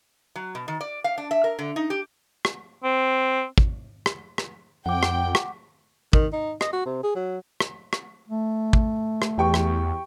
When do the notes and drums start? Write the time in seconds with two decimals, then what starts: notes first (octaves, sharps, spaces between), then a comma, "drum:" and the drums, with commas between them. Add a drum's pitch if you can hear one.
0.36 F#3
0.55 B2
0.68 D#3
0.81 D5
1.04 F5
1.18 D4
1.31 E5
1.44 A#4
1.59 D3
1.76 D#4
1.90 G4
2.45 drum: rim click
2.84 C4
3.58 drum: kick
4.06 drum: rim click
4.38 drum: rim click
4.86 F2 F#5 G5 D6
5.03 drum: rim click
5.35 drum: rim click
6.13 D#3, drum: kick
6.33 D#4
6.61 D#5, drum: rim click
6.73 F#4
6.85 C3
7.03 G#4
7.16 F#3
7.60 drum: rim click
7.93 drum: rim click
8.28 A3
8.73 drum: kick
9.22 drum: rim click
9.38 E2 G4 G5 C#6
9.54 drum: rim click